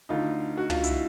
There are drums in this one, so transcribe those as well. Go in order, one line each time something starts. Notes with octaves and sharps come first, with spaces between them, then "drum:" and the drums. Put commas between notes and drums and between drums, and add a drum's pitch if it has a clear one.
D2 D3 D#4 F4
F#4
F4, drum: tom
E4, drum: hi-hat